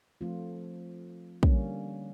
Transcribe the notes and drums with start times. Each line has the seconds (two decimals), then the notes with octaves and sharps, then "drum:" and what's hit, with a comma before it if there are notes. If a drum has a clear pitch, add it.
0.21 F3 A3 C4 F4
1.43 D3 G3 A#3 C#4, drum: kick